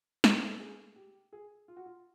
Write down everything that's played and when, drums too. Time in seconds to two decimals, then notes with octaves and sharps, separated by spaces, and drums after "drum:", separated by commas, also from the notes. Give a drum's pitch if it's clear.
0.24 C5, drum: snare
0.36 B4
0.48 A4
0.60 G#4
0.96 G4
1.33 G#4
1.68 F4
1.77 F#4
1.86 F4